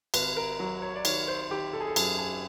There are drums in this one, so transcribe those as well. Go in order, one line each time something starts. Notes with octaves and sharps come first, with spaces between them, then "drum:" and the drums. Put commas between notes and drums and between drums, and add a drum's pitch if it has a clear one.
G#1 B4, drum: cymbal
A#4
F#3
C#5
D5
D#3 C#5, drum: cymbal
C5
D#3 G4
A4
G#4
A4
F#2 G#4, drum: cymbal
G#4